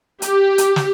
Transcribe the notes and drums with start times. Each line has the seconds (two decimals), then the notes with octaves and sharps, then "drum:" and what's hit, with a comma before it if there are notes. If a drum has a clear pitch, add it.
0.22 G4, drum: hi-hat
0.58 drum: hi-hat
0.76 drum: snare